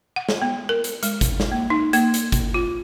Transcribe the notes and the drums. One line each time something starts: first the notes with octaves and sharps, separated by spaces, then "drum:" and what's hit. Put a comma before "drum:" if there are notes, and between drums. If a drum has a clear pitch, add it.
F#5
drum: snare
B3
A#4
drum: hi-hat
G#3, drum: hi-hat
drum: kick, hi-hat
drum: snare
A#3
D#4
A#3, drum: hi-hat
drum: hi-hat
drum: kick, hi-hat
F4